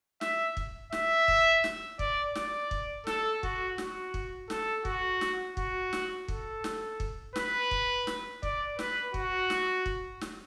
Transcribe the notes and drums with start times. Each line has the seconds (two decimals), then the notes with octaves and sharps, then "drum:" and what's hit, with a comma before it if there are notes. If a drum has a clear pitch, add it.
0.21 E5, drum: snare
0.57 drum: kick
0.92 E5, drum: snare
1.28 drum: kick
1.64 drum: snare
1.99 D5, drum: kick
2.35 D5, drum: snare
2.71 drum: kick
3.07 A4, drum: snare
3.43 F#4, drum: kick
3.78 F#4, drum: snare
4.14 drum: kick
4.50 A4, drum: snare
4.85 F#4, drum: kick
5.21 drum: snare
5.57 F#4, drum: kick
5.93 drum: snare
6.28 A4, drum: kick
6.64 drum: snare
7.00 drum: kick
7.36 B4, drum: snare
7.71 drum: kick
8.07 drum: snare
8.43 D5, drum: kick
8.79 B4, drum: snare
9.14 F#4, drum: kick
9.50 drum: snare
9.86 drum: kick
10.21 drum: snare